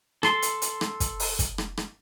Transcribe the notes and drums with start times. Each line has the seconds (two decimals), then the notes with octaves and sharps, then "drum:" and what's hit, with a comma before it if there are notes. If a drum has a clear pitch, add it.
0.23 A4 C6, drum: rim click
0.42 drum: hi-hat
0.62 drum: hi-hat
0.81 drum: rim click
1.00 drum: kick, hi-hat
1.20 drum: open hi-hat
1.39 drum: kick, hi-hat
1.58 drum: rim click
1.77 drum: rim click